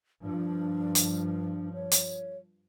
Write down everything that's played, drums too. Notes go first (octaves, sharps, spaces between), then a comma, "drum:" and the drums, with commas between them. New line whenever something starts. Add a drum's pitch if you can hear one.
G2 F3 D4
drum: hi-hat
C#5
drum: hi-hat